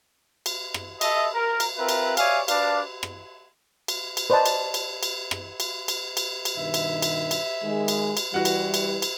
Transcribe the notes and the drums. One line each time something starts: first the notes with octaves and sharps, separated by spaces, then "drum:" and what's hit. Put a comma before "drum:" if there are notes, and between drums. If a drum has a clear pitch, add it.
drum: cymbal
drum: rim click
A4 D#5 E5, drum: cymbal
A#4
drum: cymbal
C4 F4 A#4 B4 E5
drum: cymbal
C#5 D5 E5 F5 G#5, drum: cymbal
D4 B4 D5 F5 A5 D6, drum: cymbal
drum: rim click
drum: cymbal
drum: cymbal
B4 C5 D5 D#5 A5
drum: cymbal
drum: cymbal
drum: cymbal
drum: rim click
drum: cymbal
drum: cymbal
drum: cymbal
drum: cymbal
G2 B2 D#3 E5
drum: cymbal
drum: cymbal
drum: cymbal
D#3 G#3
drum: cymbal
drum: cymbal
E3 G3 F#4 F#5
drum: cymbal
drum: cymbal
drum: cymbal